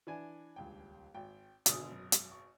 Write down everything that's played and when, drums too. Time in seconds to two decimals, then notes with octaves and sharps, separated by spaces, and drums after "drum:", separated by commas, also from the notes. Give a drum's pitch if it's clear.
0.07 E3 D4 G#5
0.56 D#1 C#2 G5
1.15 G#1 G5
1.66 G#1 B2 D3 G#3 D#6, drum: hi-hat
1.92 F#2
2.12 drum: hi-hat
2.32 C#6